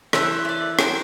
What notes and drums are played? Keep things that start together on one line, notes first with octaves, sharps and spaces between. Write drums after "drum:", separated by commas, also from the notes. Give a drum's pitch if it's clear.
E3 C5 E5, drum: rim click
A3 D5
A#4 C5 G5, drum: rim click